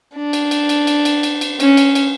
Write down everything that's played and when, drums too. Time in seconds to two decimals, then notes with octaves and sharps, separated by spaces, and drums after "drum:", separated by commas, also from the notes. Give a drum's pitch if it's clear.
0.15 D4
0.33 drum: cymbal
0.51 drum: cymbal
0.69 drum: cymbal
0.87 drum: cymbal
1.05 drum: cymbal
1.23 drum: cymbal
1.41 drum: cymbal
1.60 C#4, drum: cymbal
1.77 drum: cymbal
1.95 drum: cymbal